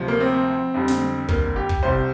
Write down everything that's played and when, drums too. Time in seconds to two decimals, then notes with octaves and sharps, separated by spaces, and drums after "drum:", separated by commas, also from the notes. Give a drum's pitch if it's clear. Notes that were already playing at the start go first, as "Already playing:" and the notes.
Already playing: D2 C3 F3
0.08 A#3
0.20 C4
0.74 F2 D3 G3
0.88 drum: snare
1.28 A#3, drum: kick
1.56 G4
1.69 drum: kick
1.83 C2 C3 G3 C5